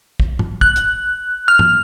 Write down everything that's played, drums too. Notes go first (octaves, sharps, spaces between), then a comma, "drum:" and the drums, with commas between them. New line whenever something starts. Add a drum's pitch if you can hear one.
drum: kick
drum: tom G#2
F#6, drum: kick
drum: hi-hat
F6
drum: tom G#2